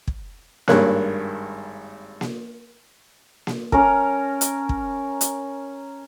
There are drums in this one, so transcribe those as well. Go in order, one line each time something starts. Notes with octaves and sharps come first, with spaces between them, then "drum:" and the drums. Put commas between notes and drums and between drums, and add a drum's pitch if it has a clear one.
drum: kick
G#1 G2 A#3 C#5 F#6, drum: snare A#3
drum: snare A#3
drum: snare A#3
C#4 A#4, drum: kick
drum: hi-hat
drum: kick
drum: hi-hat